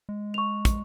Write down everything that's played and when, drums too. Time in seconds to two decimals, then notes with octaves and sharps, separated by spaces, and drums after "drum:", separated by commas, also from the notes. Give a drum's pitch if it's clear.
0.09 G#3
0.34 C#6 F7
0.65 drum: kick, hi-hat